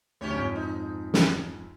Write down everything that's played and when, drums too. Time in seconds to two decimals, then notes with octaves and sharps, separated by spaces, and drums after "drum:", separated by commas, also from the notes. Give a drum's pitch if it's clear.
0.21 D2 C#4 D4 G4 C#5
0.33 F2 G#2
0.56 D#4
1.14 drum: snare